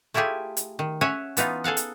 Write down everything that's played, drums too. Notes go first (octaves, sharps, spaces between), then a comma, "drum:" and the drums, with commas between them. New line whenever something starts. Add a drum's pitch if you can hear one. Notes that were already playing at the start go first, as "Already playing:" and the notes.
A3 E4 F4 G4 G#4
drum: hi-hat
D#3
C#4 C#5 E5 F#5 G#5
E3 B3 D#4 F4, drum: hi-hat
G#4 A4 F5 F#5
drum: hi-hat